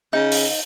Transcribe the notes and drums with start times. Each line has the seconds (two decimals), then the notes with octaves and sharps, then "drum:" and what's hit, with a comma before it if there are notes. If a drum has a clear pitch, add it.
0.13 C#3 D#4
0.31 drum: open hi-hat